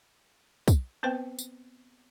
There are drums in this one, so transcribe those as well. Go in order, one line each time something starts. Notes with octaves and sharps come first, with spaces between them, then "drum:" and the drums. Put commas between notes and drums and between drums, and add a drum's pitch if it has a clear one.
drum: kick, tambourine
B3 C4 B4 C5 G5
drum: tambourine